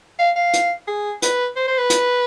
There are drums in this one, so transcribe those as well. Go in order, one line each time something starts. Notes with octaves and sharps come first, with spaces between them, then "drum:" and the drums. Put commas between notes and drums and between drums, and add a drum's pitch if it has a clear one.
F5
F5
drum: hi-hat
G#4
B4, drum: hi-hat
C5
C5
B4
drum: hi-hat